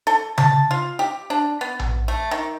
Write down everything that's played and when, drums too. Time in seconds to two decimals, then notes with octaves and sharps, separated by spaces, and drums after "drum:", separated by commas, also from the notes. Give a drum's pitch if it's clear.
0.07 A4
0.38 A5, drum: tom C#3
0.71 F4
0.99 G4
1.30 D4
1.61 B3
1.79 drum: tom A#1
2.08 A3
2.31 D#3